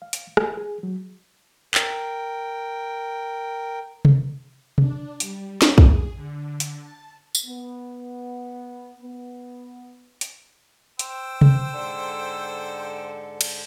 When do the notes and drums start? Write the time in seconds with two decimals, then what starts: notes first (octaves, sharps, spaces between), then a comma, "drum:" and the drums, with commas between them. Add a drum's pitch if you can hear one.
0.02 F5
0.13 drum: hi-hat
0.37 G#5, drum: rim click
0.57 G#4
0.83 F#3
1.74 A#4 G5, drum: clap
4.05 drum: tom C3
4.78 D4, drum: tom C3
5.20 G3, drum: hi-hat
5.62 drum: snare
5.78 G#4, drum: kick
6.15 D3
6.60 drum: hi-hat
6.78 A5
7.35 drum: tambourine
7.46 B3
9.02 B3
10.21 drum: hi-hat
10.99 C5 G5 E6, drum: hi-hat
11.41 drum: tom C3
11.75 G#2 D3 A4
13.41 drum: cymbal